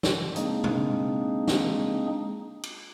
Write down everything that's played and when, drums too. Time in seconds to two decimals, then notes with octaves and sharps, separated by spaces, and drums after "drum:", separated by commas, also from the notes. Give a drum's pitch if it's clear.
0.03 drum: snare
0.36 G#3 A#3 C4 D4 D#4 G#4, drum: hi-hat
0.64 drum: tom B2
1.48 drum: snare
2.63 drum: cymbal